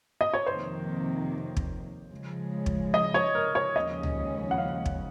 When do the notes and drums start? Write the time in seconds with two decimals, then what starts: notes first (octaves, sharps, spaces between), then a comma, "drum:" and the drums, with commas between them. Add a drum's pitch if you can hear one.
0.21 D#5
0.33 C#5
0.46 F2 C3 D#3 A#3 C5
1.57 drum: kick
2.11 C#3 F3 G#3
2.66 drum: kick
2.94 D#5
3.14 C#5
3.35 A#4
3.55 C#5
3.76 D#2 C#3 F3 G#3 C#4 D#5
4.03 drum: tom C#2
4.51 F#5
4.58 F5
4.86 drum: kick